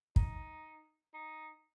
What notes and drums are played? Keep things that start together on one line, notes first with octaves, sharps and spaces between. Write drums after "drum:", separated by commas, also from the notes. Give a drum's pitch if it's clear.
D#4, drum: kick
D#4